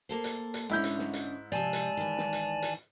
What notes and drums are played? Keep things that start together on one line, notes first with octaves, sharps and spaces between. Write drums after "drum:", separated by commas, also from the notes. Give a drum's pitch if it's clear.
A#3 A4 C5
drum: hi-hat
drum: hi-hat
G#2 D3 C#4 E4 G6
drum: hi-hat
drum: snare
drum: hi-hat
C3 F3 D5 G#5 A5
drum: hi-hat
D#3 E3
drum: snare
drum: hi-hat
drum: hi-hat